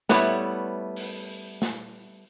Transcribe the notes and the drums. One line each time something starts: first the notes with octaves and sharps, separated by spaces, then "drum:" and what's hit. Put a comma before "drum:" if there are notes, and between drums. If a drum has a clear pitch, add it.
G3 A3 B3 E4 B4 C#5, drum: snare
drum: open hi-hat
drum: snare